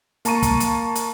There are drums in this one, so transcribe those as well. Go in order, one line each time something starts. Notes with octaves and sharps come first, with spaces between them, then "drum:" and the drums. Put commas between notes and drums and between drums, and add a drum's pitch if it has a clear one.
A#3 A5 A#5 C#6 D#7, drum: hi-hat
drum: kick, hi-hat
drum: hi-hat
drum: hi-hat